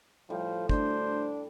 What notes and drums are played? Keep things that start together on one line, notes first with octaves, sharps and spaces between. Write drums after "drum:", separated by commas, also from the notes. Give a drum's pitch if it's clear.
A2 F3 G3
D2 D4 C5, drum: kick